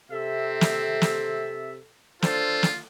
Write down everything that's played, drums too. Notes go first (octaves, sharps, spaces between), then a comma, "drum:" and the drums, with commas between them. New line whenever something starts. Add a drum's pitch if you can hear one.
C3 C4 A4 E5
drum: snare
drum: snare
D4 F4 A4 C5, drum: snare
drum: snare